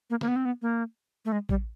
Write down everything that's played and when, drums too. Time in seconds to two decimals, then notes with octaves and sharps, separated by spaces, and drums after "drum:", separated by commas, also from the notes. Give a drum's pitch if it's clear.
0.10 A#3
0.21 A#3, drum: snare
0.28 B3
0.36 C4
0.45 B3
0.62 A#3
1.25 A3
1.32 G#3
1.49 G3, drum: kick A1